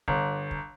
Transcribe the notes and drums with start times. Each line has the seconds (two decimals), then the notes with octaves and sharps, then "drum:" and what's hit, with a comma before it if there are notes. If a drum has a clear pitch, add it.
0.08 G1, drum: kick
0.51 drum: kick